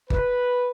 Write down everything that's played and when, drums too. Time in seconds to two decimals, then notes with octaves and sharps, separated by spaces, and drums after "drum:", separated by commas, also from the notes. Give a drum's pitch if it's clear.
0.10 B4, drum: kick G1